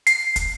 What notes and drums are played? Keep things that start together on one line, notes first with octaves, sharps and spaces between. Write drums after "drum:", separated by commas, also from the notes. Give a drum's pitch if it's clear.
C7, drum: hi-hat
drum: kick, hi-hat